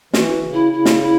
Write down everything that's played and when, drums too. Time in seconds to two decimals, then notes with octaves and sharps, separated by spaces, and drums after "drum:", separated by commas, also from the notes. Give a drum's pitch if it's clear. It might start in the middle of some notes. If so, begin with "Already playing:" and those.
0.13 E3 F#4, drum: snare
0.43 C#3
0.53 E4
0.73 C#3 E4
0.85 drum: snare
1.02 E4